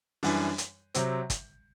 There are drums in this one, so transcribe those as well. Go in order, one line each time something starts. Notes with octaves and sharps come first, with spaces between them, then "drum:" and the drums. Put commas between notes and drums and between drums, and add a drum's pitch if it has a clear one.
F#2 E3 G3 D4, drum: open hi-hat
drum: hi-hat
C3 F#3 C4, drum: hi-hat
drum: kick, hi-hat